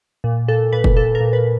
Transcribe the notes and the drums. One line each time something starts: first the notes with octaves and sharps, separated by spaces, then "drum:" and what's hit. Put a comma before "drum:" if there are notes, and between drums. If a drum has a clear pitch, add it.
A#2
A#2 A4
A#2 B4
drum: kick
A#2 A4
A#4
A#2
B4